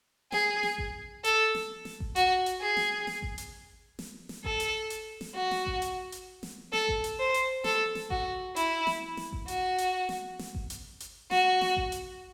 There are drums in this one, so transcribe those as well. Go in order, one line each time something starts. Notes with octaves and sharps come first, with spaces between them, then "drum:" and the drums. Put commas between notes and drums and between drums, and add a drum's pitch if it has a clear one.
G#4, drum: snare
drum: snare
drum: kick G#1
A4, drum: hi-hat
drum: snare
drum: snare
drum: kick G#1
F#4, drum: hi-hat
drum: hi-hat
G#4
drum: snare
drum: snare
drum: kick G#1
drum: hi-hat
drum: snare
drum: snare
A4, drum: kick G#1
drum: hi-hat
drum: hi-hat
drum: snare
F#4
drum: snare
drum: kick G#1
drum: hi-hat
drum: hi-hat
drum: snare
A4, drum: snare
drum: kick G#1
drum: hi-hat
C5
drum: hi-hat
A4, drum: snare
drum: snare
F#4, drum: kick G#1
E4, drum: hi-hat
drum: snare
drum: snare
drum: kick G#1
F#4, drum: hi-hat
drum: hi-hat
drum: snare
drum: snare
drum: kick G#1
drum: hi-hat
drum: hi-hat
F#4, drum: snare
drum: snare
drum: kick G#1
drum: hi-hat